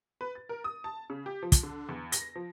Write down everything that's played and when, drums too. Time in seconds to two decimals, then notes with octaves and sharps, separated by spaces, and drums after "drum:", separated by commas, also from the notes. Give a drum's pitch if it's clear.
0.21 B4
0.35 A6
0.49 A#4
0.64 D#6
0.84 A5
1.10 C#3
1.26 G4
1.42 F3
1.52 drum: kick, hi-hat
1.63 D3
1.89 E2
2.12 A#6, drum: hi-hat
2.35 F3